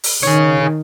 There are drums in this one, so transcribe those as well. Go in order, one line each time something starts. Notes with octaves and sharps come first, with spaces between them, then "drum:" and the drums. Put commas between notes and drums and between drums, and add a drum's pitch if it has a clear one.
drum: open hi-hat
D#3 G#4 C#5